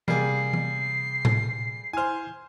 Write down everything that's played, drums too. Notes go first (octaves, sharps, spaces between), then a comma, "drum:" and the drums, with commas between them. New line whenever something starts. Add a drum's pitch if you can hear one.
C3 G3 A#3 G#4 C7, drum: tom E3
drum: tom E3
drum: tom A2
E4 C5 G#5 F6